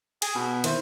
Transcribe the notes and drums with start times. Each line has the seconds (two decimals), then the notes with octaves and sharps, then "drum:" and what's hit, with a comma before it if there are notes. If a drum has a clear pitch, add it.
0.22 G#4, drum: cymbal
0.35 B2
0.64 D#3 E4 C5, drum: cymbal